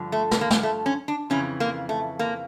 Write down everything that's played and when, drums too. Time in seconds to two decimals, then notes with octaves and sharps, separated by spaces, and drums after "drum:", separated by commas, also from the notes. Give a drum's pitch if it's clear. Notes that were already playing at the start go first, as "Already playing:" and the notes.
Already playing: G2 D3 F3
0.12 A3
0.31 drum: snare
0.41 A#3
0.50 drum: snare
0.63 A3
0.86 C#4
1.08 D4
1.30 F2 C#3 E3 C#4
1.60 A#3
1.89 A3
2.19 A#3